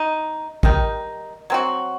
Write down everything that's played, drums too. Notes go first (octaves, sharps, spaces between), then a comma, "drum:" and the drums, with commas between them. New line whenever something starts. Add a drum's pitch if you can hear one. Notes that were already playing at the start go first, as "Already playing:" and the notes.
Already playing: D#4
D#3 G3 D#4, drum: kick A1
F#3 C4 F#4